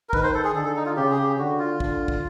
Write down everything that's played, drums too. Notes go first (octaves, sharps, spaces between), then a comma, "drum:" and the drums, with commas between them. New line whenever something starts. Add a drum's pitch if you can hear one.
A#4
D#3 B4, drum: kick
C5
A4
G#4
D3 A4
A4
D#4
F4
C#3 G4
G#4
G4
D3 F#4
F4
D3, drum: kick
drum: kick